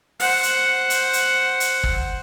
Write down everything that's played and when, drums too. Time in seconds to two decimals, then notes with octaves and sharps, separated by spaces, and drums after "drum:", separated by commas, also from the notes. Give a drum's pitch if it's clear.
0.20 C5 F#5, drum: open hi-hat
0.43 drum: hi-hat
0.90 drum: hi-hat
1.13 drum: hi-hat
1.60 drum: hi-hat
1.84 drum: kick